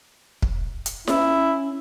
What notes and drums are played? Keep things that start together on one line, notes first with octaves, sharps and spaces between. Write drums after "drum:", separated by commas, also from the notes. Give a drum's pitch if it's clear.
drum: kick
drum: hi-hat
C#4 E4, drum: snare E4